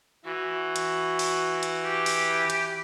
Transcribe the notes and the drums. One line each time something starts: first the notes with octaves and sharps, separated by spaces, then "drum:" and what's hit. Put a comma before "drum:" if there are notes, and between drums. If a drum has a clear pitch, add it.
E3 F#4
drum: hi-hat
drum: open hi-hat
drum: hi-hat
G4
drum: open hi-hat
drum: hi-hat